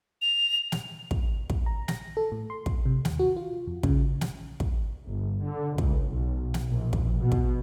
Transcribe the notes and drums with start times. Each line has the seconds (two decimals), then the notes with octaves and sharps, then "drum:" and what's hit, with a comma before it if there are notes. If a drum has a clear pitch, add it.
0.22 F7
0.72 drum: snare
1.11 drum: kick
1.50 drum: kick
1.66 A#5
1.88 A#6, drum: snare
2.17 A4
2.32 A2
2.50 C6
2.66 drum: kick
2.86 C3
3.05 D#2, drum: snare
3.20 F#4
3.37 F4
3.67 F2
3.83 C#3, drum: kick
4.21 drum: snare
4.60 drum: kick
5.08 G1
5.44 D3
5.78 C#2, drum: kick
6.09 B1
6.54 drum: snare
6.69 A#1
6.93 drum: kick
7.19 B2
7.32 drum: kick